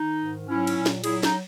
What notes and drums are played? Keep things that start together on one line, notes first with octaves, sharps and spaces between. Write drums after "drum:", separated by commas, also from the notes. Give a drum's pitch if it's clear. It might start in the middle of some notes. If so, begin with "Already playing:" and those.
Already playing: D#3 D#4
G#2
F#3 C#4 E4
drum: cymbal
A#2
drum: snare
F#3 E4 G#4, drum: cymbal
D#4, drum: snare